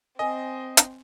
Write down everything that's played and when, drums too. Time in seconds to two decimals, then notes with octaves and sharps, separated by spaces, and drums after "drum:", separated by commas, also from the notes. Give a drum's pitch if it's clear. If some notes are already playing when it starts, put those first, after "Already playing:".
0.19 C4 A#4 D#5 G#5
0.77 drum: hi-hat